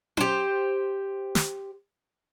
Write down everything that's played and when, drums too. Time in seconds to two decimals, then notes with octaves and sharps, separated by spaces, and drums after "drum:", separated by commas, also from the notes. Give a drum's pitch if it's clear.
0.17 G4 C5, drum: tom C#4
1.35 drum: snare